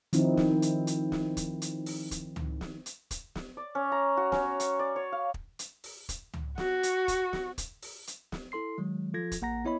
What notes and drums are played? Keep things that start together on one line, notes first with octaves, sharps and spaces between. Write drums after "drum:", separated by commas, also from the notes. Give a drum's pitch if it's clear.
D#3 F3 C4 D#4 E4, drum: hi-hat
drum: snare
drum: hi-hat
drum: hi-hat
drum: snare
drum: kick, hi-hat
drum: hi-hat
drum: open hi-hat
drum: kick, hi-hat
drum: tom C#2
drum: snare
drum: hi-hat
drum: kick, hi-hat
drum: snare
D5
C#4
A#5
F#4
C#4, drum: snare
C#6, drum: hi-hat
D5
C#5
F5
drum: kick
drum: hi-hat
drum: open hi-hat
drum: kick, hi-hat
drum: tom C#2
F#4, drum: snare
drum: hi-hat
drum: kick, hi-hat
drum: snare
drum: kick, hi-hat
drum: open hi-hat
drum: hi-hat
drum: snare
E4 A4 C6 C7
D#3 F#3 G#3
F3 F4 A4 G#6 A#6
drum: kick, hi-hat
A1 A#3 F#5 A#5 A#6
B3 E4 C#5 D#5 B5